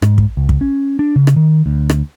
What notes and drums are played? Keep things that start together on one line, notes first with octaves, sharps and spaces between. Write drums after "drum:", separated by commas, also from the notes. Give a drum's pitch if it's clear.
G#2, drum: rim click
drum: kick
C#2
drum: kick
C#4
D4
C#3
drum: rim click
D#3
D2
drum: rim click